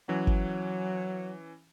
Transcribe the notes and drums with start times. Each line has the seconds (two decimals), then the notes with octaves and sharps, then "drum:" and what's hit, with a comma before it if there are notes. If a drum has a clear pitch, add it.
0.09 E3 F#3 C#4
0.27 drum: kick G1